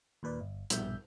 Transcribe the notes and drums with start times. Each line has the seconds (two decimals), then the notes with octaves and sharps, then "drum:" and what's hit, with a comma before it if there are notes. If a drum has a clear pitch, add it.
0.23 D#2 A#2 B4 D5
0.40 G1
0.70 A#1 G2 B2 E5 G6, drum: hi-hat